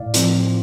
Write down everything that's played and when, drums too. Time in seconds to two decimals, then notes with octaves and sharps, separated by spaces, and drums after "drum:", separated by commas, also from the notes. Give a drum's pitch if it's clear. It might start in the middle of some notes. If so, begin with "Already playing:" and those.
Already playing: A2 D5 F5
0.14 F3 C4 F4, drum: hi-hat